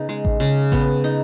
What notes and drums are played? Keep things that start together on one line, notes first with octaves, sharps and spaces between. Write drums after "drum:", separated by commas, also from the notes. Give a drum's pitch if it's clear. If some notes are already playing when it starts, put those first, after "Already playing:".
Already playing: C#3 B3 D#4
G#3
drum: kick A1
C#3
B3, drum: kick A1
D#4